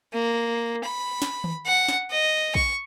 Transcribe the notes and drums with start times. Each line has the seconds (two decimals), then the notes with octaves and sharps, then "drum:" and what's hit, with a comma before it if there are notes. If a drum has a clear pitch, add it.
0.14 A#3
0.84 B5
1.22 drum: snare
1.44 drum: tom D#3
1.66 F#5
1.88 drum: snare
2.11 D#5
2.55 C#6, drum: kick A#1